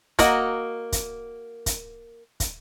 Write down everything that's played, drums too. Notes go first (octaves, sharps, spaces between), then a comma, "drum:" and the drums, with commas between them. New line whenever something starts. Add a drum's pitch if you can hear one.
A#3 F#4 A#4 D#5 F#5, drum: kick, hi-hat
drum: kick, hi-hat
drum: kick, hi-hat
drum: kick, hi-hat